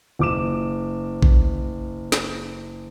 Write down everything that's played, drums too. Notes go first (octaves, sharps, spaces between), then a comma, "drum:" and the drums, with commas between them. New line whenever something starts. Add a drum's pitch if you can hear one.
F#1 D6 E7
drum: kick A#1
drum: snare